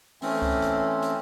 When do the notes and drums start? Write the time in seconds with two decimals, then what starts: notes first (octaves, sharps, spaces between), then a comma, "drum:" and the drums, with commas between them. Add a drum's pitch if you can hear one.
0.22 E3 A3 C4 C#4, drum: open hi-hat
0.42 drum: kick C2
0.62 drum: hi-hat
1.02 drum: hi-hat